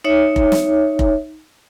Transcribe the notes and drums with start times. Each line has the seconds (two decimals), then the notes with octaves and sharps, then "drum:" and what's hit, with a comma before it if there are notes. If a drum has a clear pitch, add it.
0.04 D#4 C#5 E5
0.36 drum: kick F1
0.52 drum: snare
0.99 drum: kick F1